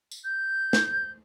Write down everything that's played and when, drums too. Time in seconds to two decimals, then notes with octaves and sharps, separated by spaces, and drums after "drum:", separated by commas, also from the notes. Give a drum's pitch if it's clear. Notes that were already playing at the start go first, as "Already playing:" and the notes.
0.11 drum: tambourine
0.24 G6
0.73 drum: snare